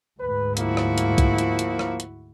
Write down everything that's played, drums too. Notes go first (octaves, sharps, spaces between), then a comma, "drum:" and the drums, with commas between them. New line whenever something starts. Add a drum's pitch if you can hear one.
D2 G#2 B4
F3 A#3 E4 F#4, drum: hi-hat
drum: rim click
drum: hi-hat
drum: kick B1, hi-hat
drum: hi-hat
drum: hi-hat
drum: rim click
drum: hi-hat